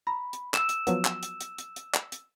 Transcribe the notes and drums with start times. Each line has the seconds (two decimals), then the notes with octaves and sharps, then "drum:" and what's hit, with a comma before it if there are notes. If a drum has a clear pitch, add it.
0.07 A#5 B5
0.33 drum: hi-hat
0.54 E6 E7, drum: clap
0.69 drum: hi-hat
0.87 F3 F#3 B3, drum: hi-hat
1.05 drum: clap
1.23 drum: hi-hat
1.41 drum: hi-hat
1.58 drum: hi-hat
1.76 drum: hi-hat
1.94 drum: clap
2.12 drum: hi-hat